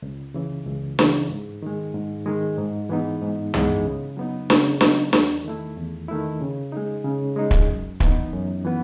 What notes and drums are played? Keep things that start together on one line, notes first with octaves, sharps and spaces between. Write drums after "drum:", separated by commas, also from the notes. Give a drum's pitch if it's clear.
C#2
C#3 E3
C#2
C#3 E3, drum: snare
G#2
D#3 G#3
G#2
D#3 G#3
G#2
E3 G#3 B3 D#4
G#2
E3 G#3 B3 D#4, drum: tom
C#3
F#3 B3 D#4
C#3, drum: snare
F#3 B3 D#4, drum: snare
E2, drum: snare
D#3 A3 E4
E2
D#3 A3 E4
C#3
G#3 D#4
C#3
G#3 D#4
drum: kick
F#2
E3 B3 D#4, drum: kick
F#2
E3 B3